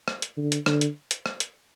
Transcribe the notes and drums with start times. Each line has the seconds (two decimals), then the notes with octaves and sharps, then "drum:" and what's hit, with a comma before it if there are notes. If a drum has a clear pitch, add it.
0.08 drum: rim click
0.22 drum: hi-hat
0.37 D3
0.52 drum: hi-hat
0.66 D3, drum: rim click
0.81 drum: hi-hat
1.11 drum: hi-hat
1.26 drum: rim click
1.40 drum: hi-hat